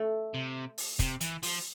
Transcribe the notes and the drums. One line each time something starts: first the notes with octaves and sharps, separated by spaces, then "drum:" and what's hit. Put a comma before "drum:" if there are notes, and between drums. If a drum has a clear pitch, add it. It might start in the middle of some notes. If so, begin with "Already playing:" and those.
Already playing: A3
C3
drum: open hi-hat
C3, drum: kick, hi-hat
E3, drum: hi-hat
F3, drum: open hi-hat